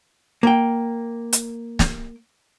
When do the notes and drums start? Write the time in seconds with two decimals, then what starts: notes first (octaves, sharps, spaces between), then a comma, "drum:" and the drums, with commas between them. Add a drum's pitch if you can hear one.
0.43 A#3 G5
1.33 drum: hi-hat
1.79 drum: snare